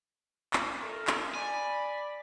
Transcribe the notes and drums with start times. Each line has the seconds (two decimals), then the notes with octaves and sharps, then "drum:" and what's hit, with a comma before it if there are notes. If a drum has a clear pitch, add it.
0.53 drum: clap
0.82 A3 A4 A#4
1.07 drum: clap
1.34 D5 G#5 B5